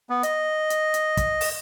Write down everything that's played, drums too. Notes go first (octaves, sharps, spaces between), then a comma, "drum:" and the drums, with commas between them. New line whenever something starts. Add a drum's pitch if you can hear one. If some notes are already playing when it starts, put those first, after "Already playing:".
B3
D#5, drum: hi-hat
drum: hi-hat
drum: hi-hat
drum: kick, hi-hat
drum: open hi-hat